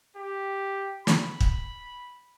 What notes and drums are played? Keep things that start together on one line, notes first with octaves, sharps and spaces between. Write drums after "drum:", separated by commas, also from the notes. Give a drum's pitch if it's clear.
G4
B5, drum: snare
drum: kick